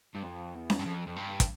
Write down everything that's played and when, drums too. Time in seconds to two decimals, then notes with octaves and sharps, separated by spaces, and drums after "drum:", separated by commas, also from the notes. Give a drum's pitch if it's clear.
0.15 G2
0.23 F2
0.55 E2
0.70 drum: snare C#4
0.79 G2
0.85 F2
1.07 F2
1.16 G2
1.40 drum: kick, hi-hat